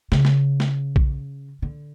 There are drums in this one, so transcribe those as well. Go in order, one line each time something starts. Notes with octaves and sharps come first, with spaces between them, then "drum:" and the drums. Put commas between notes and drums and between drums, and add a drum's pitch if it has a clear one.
C#3, drum: snare
drum: snare
drum: snare
drum: kick A#1
D3